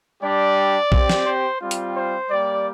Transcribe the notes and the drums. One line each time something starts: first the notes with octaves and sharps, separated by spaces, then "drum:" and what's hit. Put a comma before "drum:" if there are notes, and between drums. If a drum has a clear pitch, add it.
G3 D4 G4 D5
C4 G4, drum: kick A#1
drum: snare
C5
G3 C4 F4
drum: hi-hat
C5
G3 A#3 G4 D5